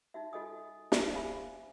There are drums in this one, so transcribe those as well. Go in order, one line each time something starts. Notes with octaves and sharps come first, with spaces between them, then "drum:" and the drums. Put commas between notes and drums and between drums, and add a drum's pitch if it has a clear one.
D#4 F#4 E5
F4 F#4 A4 D#5 G#5 D#6
drum: snare
C5 E5 F5 G#5 B5